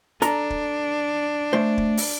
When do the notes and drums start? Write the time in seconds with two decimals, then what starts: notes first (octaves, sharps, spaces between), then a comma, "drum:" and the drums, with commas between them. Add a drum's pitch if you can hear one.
0.22 D4 A4 A#5, drum: hi-hat
0.50 drum: kick
1.53 A3 C5
1.78 drum: kick
1.97 drum: open hi-hat